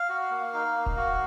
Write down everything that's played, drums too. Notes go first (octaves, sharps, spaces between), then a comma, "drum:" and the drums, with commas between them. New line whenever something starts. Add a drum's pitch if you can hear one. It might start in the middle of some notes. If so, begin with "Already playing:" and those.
Already playing: F5
F#4
A#3
D#4
A#3
drum: kick D1
F#4